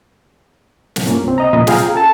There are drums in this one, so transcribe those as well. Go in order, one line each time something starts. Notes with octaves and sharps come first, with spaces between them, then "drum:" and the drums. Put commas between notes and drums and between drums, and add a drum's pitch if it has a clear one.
drum: snare
G2 A#3 C#4 F4
C2 C4
D#5 A#5
F2 A#2 C#4 D#5 B5
F4 G#4 F5 G5 A#5, drum: snare
C#4 A4 A5